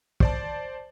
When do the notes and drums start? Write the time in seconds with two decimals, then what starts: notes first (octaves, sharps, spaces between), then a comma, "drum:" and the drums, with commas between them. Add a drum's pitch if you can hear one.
0.20 C5 D5 A5, drum: kick